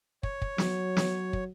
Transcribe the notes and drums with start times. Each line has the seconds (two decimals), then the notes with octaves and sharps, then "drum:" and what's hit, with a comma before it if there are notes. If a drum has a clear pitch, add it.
0.23 C#5, drum: kick
0.42 drum: kick
0.58 F#3, drum: snare
0.97 drum: snare
1.33 drum: kick